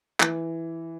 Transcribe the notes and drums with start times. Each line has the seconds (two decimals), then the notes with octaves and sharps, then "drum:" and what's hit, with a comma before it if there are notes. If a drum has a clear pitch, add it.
0.20 E3, drum: clap